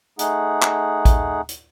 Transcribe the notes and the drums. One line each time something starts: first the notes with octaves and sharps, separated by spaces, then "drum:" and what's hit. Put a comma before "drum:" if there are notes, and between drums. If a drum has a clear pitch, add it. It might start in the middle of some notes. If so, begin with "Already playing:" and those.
A3 D#4 G#4 F#5, drum: hi-hat
drum: clap
drum: kick A1, hi-hat
drum: hi-hat